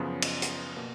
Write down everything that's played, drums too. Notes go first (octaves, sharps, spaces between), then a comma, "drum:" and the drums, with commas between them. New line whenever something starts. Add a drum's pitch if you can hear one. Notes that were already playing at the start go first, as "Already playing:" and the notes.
Already playing: F#2 C#3 F3 B3
drum: cymbal
drum: hi-hat
B2 A#3